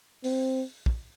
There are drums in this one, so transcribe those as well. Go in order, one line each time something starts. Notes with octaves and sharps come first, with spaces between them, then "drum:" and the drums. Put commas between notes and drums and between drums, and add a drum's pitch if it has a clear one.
C4, drum: open hi-hat
drum: kick